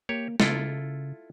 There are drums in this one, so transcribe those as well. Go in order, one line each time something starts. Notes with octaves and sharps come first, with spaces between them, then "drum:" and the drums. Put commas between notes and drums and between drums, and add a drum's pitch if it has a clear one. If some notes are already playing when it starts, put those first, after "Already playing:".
A#3 G4 C#5
C#3 E4 F4 A4, drum: snare